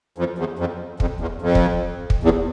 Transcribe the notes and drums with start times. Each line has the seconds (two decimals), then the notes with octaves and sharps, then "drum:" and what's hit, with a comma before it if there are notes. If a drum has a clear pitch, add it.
0.18 F2
0.38 E2
0.59 F2
1.00 F2, drum: kick
1.20 E2
1.42 F2
1.55 drum: kick
2.10 drum: kick
2.23 E2